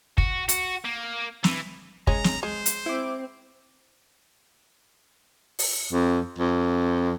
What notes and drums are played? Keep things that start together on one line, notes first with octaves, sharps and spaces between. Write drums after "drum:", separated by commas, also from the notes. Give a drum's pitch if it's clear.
F#4, drum: kick
F#4, drum: hi-hat
A#3
E3, drum: snare
G#3 C#4 A#5, drum: kick
drum: snare
G#3 C5
drum: hi-hat
C4 E4 D6
drum: open hi-hat
F2
F2